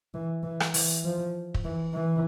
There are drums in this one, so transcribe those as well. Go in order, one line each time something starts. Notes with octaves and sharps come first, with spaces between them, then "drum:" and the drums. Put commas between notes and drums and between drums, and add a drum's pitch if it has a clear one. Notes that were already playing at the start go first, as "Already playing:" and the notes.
E3
E3
drum: rim click
E3, drum: open hi-hat
F3
drum: kick
E3
E3